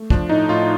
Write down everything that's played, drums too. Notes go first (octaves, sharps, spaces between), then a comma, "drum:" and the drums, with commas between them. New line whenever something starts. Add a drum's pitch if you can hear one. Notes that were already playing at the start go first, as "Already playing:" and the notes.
Already playing: A3
F3 D4, drum: kick
A2 D#4
A2 F4